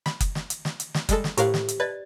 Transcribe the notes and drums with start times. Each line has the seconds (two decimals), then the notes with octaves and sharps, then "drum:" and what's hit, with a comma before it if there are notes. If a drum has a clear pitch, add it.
0.06 B5, drum: snare
0.20 drum: kick F#1, hi-hat
0.35 drum: snare
0.50 drum: hi-hat
0.65 drum: snare
0.80 drum: hi-hat
0.94 drum: snare
1.09 G3 G#3 A4, drum: kick F#1, hi-hat
1.24 drum: snare
1.37 A2 G4 A#4 C5 F5, drum: hi-hat
1.54 drum: snare
1.68 drum: hi-hat
1.80 B4 D5 D#5